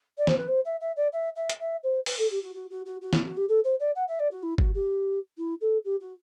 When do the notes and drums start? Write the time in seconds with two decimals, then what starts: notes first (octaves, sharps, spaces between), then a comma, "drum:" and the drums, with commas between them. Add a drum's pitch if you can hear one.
0.17 D5
0.27 C5, drum: snare
0.37 B4
0.48 C5
0.65 E5
0.80 E5
0.96 D5
1.12 E5
1.35 E5
1.50 drum: hi-hat
1.59 E5
1.83 C5
2.06 B4, drum: open hi-hat
2.18 A4
2.30 G4
2.42 F#4
2.54 F#4
2.70 F#4
2.85 F#4
3.01 F#4
3.13 E4, drum: snare
3.25 F#4
3.37 G4
3.48 A4
3.64 C5
3.79 D5
3.95 F#5
4.07 E5
4.19 D5
4.31 F#4
4.42 E4
4.58 F#4, drum: kick G1
4.74 G4
5.37 E4
5.61 A4
5.84 G4
6.00 F#4